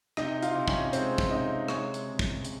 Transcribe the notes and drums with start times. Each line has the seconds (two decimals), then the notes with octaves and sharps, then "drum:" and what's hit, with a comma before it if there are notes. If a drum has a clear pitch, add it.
0.17 C3 D#4 D#5, drum: rim click
0.43 F4 F5, drum: hi-hat
0.55 C3
0.68 C#4 C#5, drum: kick
0.93 G#3 C4 C5, drum: hi-hat
1.18 drum: kick
1.31 C3 D#4 D#5
1.68 G#3 C#5 C#6, drum: rim click
1.94 drum: hi-hat
2.06 C#3
2.19 drum: kick
2.45 drum: hi-hat